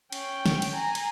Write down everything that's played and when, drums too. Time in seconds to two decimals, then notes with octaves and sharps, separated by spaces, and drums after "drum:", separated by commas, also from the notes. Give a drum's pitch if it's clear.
0.13 C#4 G5, drum: cymbal
0.46 drum: snare
0.62 drum: cymbal
0.74 G#5 A#5
0.95 drum: cymbal